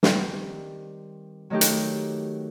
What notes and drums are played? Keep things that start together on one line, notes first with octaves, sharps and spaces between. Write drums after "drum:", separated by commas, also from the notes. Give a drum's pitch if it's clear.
D#3 G3 C4 D#4, drum: snare
D#3 F#3 A3 D#4 G4
drum: hi-hat